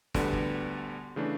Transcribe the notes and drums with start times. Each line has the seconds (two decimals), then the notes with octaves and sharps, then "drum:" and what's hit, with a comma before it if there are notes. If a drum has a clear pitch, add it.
0.14 D2 D3 G3 B3, drum: snare
0.33 drum: kick
1.16 C#3 E3 A3 D4